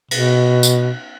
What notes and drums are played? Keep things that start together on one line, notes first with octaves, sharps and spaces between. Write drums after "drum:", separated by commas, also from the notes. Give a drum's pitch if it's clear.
B2, drum: cymbal
drum: tambourine